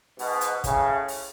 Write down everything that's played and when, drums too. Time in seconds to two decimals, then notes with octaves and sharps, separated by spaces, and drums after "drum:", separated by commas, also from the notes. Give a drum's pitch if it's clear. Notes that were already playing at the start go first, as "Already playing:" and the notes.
0.19 G#2 B2, drum: open hi-hat
0.41 drum: hi-hat
0.64 A2 C#3, drum: kick, hi-hat
1.08 drum: open hi-hat